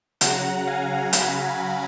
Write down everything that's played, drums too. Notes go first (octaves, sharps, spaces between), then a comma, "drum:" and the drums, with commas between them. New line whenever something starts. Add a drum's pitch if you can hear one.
C#3 F#3 F#5 A#5, drum: hi-hat
F5 G#5
G#5 B5, drum: hi-hat
G#5 B5